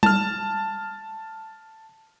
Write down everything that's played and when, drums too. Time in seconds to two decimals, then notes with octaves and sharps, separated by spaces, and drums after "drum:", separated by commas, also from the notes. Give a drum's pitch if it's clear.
0.03 A5 F6, drum: tom G3